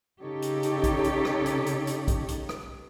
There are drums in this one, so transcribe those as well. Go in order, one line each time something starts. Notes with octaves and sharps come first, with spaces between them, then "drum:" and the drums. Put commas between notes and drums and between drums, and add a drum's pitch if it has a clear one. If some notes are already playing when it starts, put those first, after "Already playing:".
C#3 D#4 G4 A4 C#5
drum: hi-hat
drum: hi-hat
drum: kick B1, hi-hat
drum: hi-hat
drum: rim click
drum: hi-hat
drum: hi-hat
drum: hi-hat
drum: kick B1, hi-hat
drum: hi-hat
drum: rim click